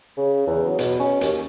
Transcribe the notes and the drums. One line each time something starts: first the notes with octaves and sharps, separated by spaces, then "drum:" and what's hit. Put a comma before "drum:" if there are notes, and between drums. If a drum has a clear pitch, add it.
C#3
E2
F#3
B2, drum: hi-hat
C#4
D#2, drum: hi-hat